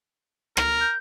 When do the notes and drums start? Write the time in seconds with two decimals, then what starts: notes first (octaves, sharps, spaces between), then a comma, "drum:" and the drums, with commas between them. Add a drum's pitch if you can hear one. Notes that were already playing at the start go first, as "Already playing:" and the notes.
0.57 A#4, drum: rim click
0.81 G6